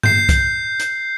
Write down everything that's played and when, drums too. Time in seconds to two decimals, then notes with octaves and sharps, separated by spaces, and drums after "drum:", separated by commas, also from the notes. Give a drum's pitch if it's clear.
0.03 G6 C7, drum: tom G2
0.29 drum: kick C2, hi-hat
0.80 drum: hi-hat